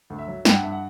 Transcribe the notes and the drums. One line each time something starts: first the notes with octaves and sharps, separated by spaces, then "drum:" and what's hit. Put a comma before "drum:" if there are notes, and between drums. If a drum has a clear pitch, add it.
D2
E5
F#3
G2 G5, drum: snare
F#5
G2 E5
F#5